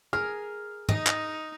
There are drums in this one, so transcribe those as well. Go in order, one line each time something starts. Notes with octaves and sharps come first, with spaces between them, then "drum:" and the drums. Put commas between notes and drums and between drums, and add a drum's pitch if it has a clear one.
G#4 A#4 F6
D#4 D#5, drum: tom G#2
drum: clap